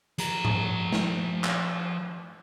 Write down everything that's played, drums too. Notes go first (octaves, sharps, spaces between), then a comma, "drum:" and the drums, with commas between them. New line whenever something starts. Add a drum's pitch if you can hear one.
F3 A#5, drum: hi-hat
drum: tom G#2
drum: snare
drum: clap